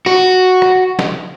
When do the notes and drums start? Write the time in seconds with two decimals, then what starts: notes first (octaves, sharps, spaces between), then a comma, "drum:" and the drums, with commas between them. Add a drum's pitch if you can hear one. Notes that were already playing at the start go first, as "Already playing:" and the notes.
0.06 F#4, drum: rim click
0.62 drum: rim click
0.99 drum: snare